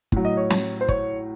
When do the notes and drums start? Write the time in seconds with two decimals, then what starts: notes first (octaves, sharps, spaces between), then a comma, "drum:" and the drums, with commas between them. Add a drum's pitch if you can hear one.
0.12 A2 F#3, drum: kick
0.25 D#5
0.37 C#5
0.50 drum: snare
0.81 C5
0.88 C#5, drum: kick